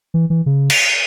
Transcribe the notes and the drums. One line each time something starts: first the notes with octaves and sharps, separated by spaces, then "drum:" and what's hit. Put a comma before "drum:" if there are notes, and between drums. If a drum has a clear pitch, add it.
E3
E3
C#3
drum: cymbal